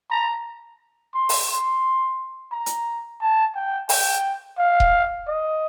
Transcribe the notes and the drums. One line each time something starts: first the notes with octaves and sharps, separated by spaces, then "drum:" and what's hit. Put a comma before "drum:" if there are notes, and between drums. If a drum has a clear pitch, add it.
A#5
C6
drum: open hi-hat
C6
A#5
drum: hi-hat
A5
G5
G5, drum: open hi-hat
F5
drum: kick D#1
D#5